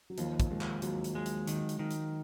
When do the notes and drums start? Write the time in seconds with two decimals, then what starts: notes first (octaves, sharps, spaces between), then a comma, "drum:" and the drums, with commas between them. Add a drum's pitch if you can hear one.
0.10 F#3
0.18 D#2 F3, drum: hi-hat
0.40 drum: kick, hi-hat
0.51 D#2 G#3
0.61 drum: clap
0.82 D#2 F#3, drum: hi-hat
1.04 drum: hi-hat
1.15 G#3
1.26 drum: hi-hat
1.47 D#3, drum: hi-hat
1.69 drum: hi-hat
1.79 D#3
1.91 drum: hi-hat